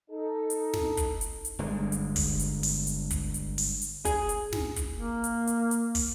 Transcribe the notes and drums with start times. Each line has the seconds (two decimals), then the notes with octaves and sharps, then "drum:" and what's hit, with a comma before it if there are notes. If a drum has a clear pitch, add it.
0.10 D#4 A4
0.50 drum: hi-hat
0.74 drum: snare
0.97 drum: kick, hi-hat
1.21 drum: hi-hat
1.45 drum: hi-hat
1.59 G1 D3 G#3
1.92 drum: hi-hat
2.16 drum: kick, open hi-hat
2.39 drum: hi-hat
2.63 drum: open hi-hat
2.87 drum: hi-hat
3.10 drum: kick, hi-hat
3.34 drum: hi-hat
3.58 drum: open hi-hat
3.82 drum: hi-hat
4.05 G#4, drum: kick, hi-hat
4.29 drum: hi-hat
4.53 drum: snare
4.76 drum: kick, hi-hat
4.94 A#3
5.24 drum: hi-hat
5.47 drum: hi-hat
5.71 drum: hi-hat
5.95 drum: kick, open hi-hat